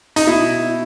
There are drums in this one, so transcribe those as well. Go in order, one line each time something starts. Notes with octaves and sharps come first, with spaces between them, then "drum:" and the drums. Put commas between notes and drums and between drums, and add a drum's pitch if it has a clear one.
D#4, drum: hi-hat
B2 E4